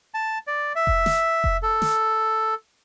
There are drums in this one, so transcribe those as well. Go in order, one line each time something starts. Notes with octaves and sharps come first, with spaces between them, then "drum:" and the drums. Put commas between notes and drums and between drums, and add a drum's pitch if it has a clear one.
A5
D5
E5
drum: kick F1
drum: snare
drum: kick F1
A4
drum: snare